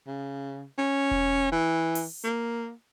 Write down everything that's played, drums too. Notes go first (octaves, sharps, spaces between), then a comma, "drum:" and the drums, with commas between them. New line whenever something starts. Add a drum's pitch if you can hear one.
C#3
C#4
drum: kick E1
E3
drum: open hi-hat
A#3